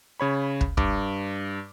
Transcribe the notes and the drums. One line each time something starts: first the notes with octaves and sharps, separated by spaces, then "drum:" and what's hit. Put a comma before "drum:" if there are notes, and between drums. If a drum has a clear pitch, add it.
C#3 C#5 B5
drum: kick
G2 D6, drum: kick